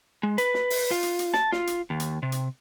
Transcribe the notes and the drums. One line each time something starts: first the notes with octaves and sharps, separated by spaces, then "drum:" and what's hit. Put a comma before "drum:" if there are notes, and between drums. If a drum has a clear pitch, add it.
G#3
B4, drum: hi-hat
drum: snare
drum: open hi-hat
F4
drum: hi-hat
drum: hi-hat
A5, drum: snare
F4, drum: snare
drum: hi-hat
D#2
drum: hi-hat
C3
drum: hi-hat